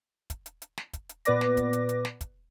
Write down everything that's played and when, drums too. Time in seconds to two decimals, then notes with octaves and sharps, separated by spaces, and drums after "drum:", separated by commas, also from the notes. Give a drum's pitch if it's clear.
0.30 drum: kick, hi-hat
0.46 drum: hi-hat
0.62 drum: hi-hat
0.78 drum: snare
0.93 drum: kick, hi-hat
1.09 drum: hi-hat
1.25 A#2 B3 B4 D5 D6 A#6, drum: hi-hat
1.41 drum: snare
1.57 drum: kick, hi-hat
1.73 drum: hi-hat
1.89 drum: hi-hat
2.05 drum: snare
2.21 drum: kick, hi-hat